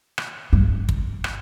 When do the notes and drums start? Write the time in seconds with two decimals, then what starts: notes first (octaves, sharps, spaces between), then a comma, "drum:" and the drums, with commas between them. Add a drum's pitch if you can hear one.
0.18 drum: rim click
0.53 G2
0.89 drum: kick
1.24 drum: rim click